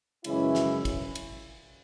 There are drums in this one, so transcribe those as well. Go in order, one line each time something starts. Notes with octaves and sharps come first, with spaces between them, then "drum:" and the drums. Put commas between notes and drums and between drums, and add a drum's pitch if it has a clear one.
F#2 C#3 E3 G#3 C#4 E4, drum: cymbal
drum: snare
drum: kick G#1, cymbal
drum: cymbal